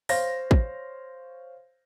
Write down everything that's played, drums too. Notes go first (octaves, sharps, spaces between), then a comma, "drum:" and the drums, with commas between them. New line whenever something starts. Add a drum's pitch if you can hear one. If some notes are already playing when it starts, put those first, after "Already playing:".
C5 C#5 F5 A#6, drum: open hi-hat
drum: kick